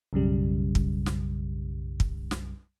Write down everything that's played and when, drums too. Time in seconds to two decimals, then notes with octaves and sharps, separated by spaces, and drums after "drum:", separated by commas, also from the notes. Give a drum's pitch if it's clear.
0.13 B1 F#2 C#3 G3
0.75 drum: kick
1.06 drum: snare
2.00 drum: kick
2.31 drum: snare